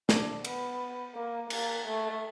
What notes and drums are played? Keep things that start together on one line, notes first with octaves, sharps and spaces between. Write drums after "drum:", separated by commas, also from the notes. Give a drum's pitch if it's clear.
D4, drum: snare
B3, drum: cymbal
A#3
A#3, drum: cymbal
A3